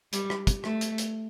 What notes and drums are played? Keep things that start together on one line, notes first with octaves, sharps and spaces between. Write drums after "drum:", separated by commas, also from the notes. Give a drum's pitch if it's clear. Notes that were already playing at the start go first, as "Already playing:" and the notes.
G3, drum: hi-hat
drum: rim click
drum: kick, hi-hat
A3, drum: rim click
drum: hi-hat
drum: hi-hat